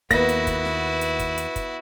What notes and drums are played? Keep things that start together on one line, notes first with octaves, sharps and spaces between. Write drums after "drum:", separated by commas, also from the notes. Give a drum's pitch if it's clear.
D#2 A#3 B3 E4 F#4 A#6, drum: kick, hi-hat
drum: hi-hat
drum: kick, hi-hat
drum: snare
drum: hi-hat
drum: kick, hi-hat
drum: hi-hat
drum: kick, hi-hat